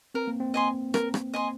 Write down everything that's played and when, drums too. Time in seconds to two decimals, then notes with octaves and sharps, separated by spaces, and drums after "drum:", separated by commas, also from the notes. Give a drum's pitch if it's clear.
0.15 C4 A#4
0.27 A#3
0.40 C4
0.54 D#5 G#5 C6
0.94 A#4, drum: rim click
1.14 drum: rim click
1.34 D#5 G#5 C6